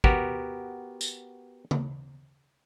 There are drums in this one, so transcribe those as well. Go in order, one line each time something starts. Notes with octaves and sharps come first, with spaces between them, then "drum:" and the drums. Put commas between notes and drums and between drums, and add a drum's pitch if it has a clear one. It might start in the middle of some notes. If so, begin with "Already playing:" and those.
B3 F#4 G4 A#4, drum: kick
drum: tambourine
drum: tom C#3